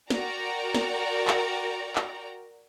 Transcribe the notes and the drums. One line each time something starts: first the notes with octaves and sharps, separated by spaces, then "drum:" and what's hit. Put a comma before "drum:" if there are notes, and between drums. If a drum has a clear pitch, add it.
F#4 A#4 D5 G5 A#5, drum: snare
drum: snare
drum: clap
drum: clap